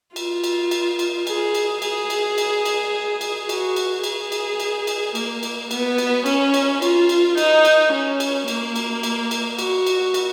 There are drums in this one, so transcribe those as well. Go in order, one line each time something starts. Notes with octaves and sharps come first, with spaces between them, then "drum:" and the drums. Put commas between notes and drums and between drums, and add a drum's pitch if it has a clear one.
F4, drum: cymbal
drum: cymbal
drum: cymbal
drum: cymbal
G#4, drum: cymbal
drum: cymbal
G#4, drum: cymbal
drum: cymbal
drum: cymbal
drum: cymbal
drum: cymbal
F#4, drum: cymbal
drum: cymbal
G#4, drum: cymbal
drum: cymbal
drum: cymbal
drum: cymbal
A#3, drum: cymbal
drum: cymbal
B3, drum: cymbal
drum: cymbal
C#4, drum: cymbal
drum: cymbal
F4, drum: cymbal
drum: cymbal
D#4, drum: cymbal
drum: cymbal
C#4
drum: cymbal
A#3, drum: cymbal
drum: cymbal
drum: cymbal
drum: cymbal
F#4, drum: cymbal
drum: cymbal
drum: cymbal